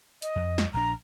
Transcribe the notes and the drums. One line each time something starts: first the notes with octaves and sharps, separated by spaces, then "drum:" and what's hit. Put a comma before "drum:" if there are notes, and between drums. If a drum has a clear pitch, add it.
D#5, drum: hi-hat
F2
drum: snare
A#1 D4 A#5